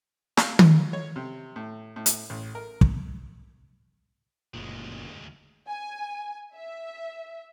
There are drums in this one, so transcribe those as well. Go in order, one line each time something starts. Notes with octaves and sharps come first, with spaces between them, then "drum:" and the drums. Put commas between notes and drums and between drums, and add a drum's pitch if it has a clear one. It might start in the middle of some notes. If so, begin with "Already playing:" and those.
F5, drum: snare
C#4, drum: tom D#3
C#5
C3
A2
A2
drum: hi-hat
A1
A#4
drum: kick
F#1 D2 A#2 G#3
G#5
E5